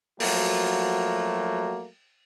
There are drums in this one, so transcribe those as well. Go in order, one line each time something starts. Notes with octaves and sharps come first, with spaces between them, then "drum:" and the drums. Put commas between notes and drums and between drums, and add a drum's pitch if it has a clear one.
F3 F#3 A3 A#3 F#4, drum: open hi-hat